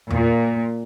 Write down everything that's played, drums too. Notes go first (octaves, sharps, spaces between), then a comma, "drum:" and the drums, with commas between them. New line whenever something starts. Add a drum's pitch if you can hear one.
A#2, drum: tom E2